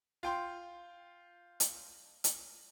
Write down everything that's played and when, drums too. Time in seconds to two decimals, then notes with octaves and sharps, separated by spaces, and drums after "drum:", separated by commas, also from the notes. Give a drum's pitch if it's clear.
0.23 F4 G5 C6
1.60 drum: hi-hat
2.24 drum: hi-hat